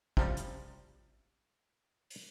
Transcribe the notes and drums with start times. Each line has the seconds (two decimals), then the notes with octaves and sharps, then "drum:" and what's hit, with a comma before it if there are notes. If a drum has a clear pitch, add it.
0.17 C3 F3 G3, drum: kick
0.37 drum: hi-hat
2.10 drum: open hi-hat